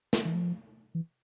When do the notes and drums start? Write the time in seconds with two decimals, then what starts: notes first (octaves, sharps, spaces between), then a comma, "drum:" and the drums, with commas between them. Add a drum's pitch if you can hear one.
0.13 drum: snare
0.25 E3
0.35 F3
0.95 E3